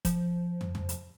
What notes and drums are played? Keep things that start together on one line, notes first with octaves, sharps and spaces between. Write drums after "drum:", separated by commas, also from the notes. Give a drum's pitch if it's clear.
F3, drum: kick, hi-hat
drum: tom
drum: tom
drum: hi-hat